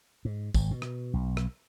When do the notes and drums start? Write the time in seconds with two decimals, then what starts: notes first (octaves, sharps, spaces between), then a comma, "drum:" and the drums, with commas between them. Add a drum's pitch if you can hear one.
0.25 G#2
0.55 G#1, drum: kick, tambourine
0.71 B2
0.82 drum: rim click
1.14 B1
1.37 drum: rim click